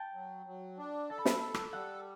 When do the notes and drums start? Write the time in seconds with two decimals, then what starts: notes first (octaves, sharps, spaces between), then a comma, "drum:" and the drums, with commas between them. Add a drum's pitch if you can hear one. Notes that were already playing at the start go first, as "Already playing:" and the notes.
Already playing: G5 A5
0.14 F#3
0.46 F#3
0.78 D4
1.10 A4 A5
1.18 B5
1.25 A5, drum: snare
1.41 A4
1.54 drum: rim click
1.73 G3 F#5